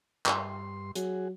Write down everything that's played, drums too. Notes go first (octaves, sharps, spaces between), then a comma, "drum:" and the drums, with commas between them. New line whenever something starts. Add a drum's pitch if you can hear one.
G2 C6, drum: clap
F#3 F#4 G#4, drum: hi-hat